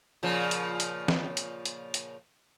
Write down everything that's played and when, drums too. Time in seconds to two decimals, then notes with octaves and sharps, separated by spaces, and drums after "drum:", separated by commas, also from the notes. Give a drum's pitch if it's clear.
0.23 A#2 C#3 F3
0.51 drum: hi-hat
0.80 drum: hi-hat
1.08 drum: snare
1.37 drum: hi-hat
1.65 drum: hi-hat
1.94 drum: hi-hat